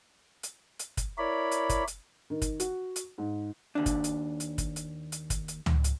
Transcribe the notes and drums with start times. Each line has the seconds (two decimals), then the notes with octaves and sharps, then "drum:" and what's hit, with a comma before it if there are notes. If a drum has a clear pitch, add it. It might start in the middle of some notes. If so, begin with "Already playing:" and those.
0.43 drum: hi-hat
0.79 drum: hi-hat
0.97 drum: kick, hi-hat
1.18 E4 A#4 C#5 D5 B5
1.51 drum: hi-hat
1.69 drum: kick, hi-hat
1.87 drum: hi-hat
2.30 D#3
2.42 drum: kick, hi-hat
2.60 F#4, drum: hi-hat
2.96 drum: hi-hat
3.18 G#2
3.75 D#2 D4
3.86 drum: kick, hi-hat
4.04 drum: hi-hat
4.40 drum: hi-hat
4.58 drum: kick, hi-hat
4.76 drum: hi-hat
5.12 drum: hi-hat
5.30 drum: kick, hi-hat
5.48 drum: hi-hat
5.66 drum: tom C#2
5.84 drum: hi-hat